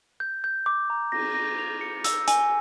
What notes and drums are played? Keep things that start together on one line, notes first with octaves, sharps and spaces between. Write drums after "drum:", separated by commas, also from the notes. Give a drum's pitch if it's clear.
G6
G6
D6
A#5
A#6, drum: cymbal
A#6
F7
C#7
E6, drum: hi-hat
G#5, drum: hi-hat